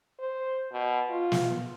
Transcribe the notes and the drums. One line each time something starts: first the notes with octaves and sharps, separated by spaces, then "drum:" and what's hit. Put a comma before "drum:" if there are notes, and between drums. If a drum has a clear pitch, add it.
C5
B2
F4
drum: snare